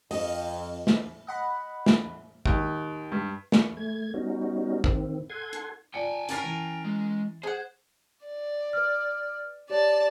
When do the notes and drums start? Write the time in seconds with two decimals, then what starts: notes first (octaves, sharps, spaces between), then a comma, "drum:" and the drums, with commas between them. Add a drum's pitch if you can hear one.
0.11 F2 D#5, drum: open hi-hat
0.87 drum: snare
1.27 D#5 F#5 B5
1.86 drum: snare
2.46 D#2, drum: kick
3.12 G2
3.52 C#6, drum: snare
3.77 A3 G#6
4.14 G3 B3 C#4 D#4 F#4
4.84 D#3 C4, drum: kick
5.30 A4 F#5 G#5 C6 G#6
5.53 drum: hi-hat
5.94 F4 D5 G5 G#5 C#7
6.29 C#4 A#4 F#5 A6 C7, drum: hi-hat
6.43 E3
6.85 G#3
7.43 G#4 C5 F#5
8.26 D5
8.73 B4 F6
9.70 G4 C#5 D5 A5